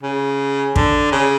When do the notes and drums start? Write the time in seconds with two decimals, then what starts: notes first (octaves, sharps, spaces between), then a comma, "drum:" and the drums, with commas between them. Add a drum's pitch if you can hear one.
0.03 C#3
0.76 D3, drum: kick
1.12 C#3